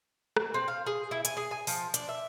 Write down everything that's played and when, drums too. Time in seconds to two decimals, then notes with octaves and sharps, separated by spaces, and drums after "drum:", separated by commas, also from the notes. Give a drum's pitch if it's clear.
0.36 drum: rim click
0.54 C4
0.68 F5
0.86 G#4
1.11 E4
1.25 G#5, drum: hi-hat
1.37 G#4
1.51 G#5
1.67 F3, drum: open hi-hat
1.94 D4, drum: hi-hat
2.09 E5